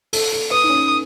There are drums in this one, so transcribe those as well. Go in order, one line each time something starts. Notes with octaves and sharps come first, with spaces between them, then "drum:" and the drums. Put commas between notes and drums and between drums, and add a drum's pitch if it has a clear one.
A4, drum: open hi-hat
A4
B4 D#6
D#4
C#4